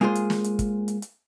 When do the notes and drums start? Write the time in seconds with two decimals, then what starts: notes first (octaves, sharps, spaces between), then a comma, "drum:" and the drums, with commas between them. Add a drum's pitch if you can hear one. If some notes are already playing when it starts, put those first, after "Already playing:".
0.01 G#3 A#3 F4 G#4 C5
0.15 drum: hi-hat
0.30 drum: snare
0.44 drum: hi-hat
0.59 drum: kick, hi-hat
0.88 drum: hi-hat
1.02 drum: hi-hat